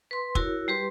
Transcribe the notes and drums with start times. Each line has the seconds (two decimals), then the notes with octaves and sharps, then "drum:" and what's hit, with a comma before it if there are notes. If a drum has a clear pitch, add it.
0.11 B4 C6
0.35 E4 F#4 A#4 C#5, drum: kick
0.68 G3 G4 B4 C6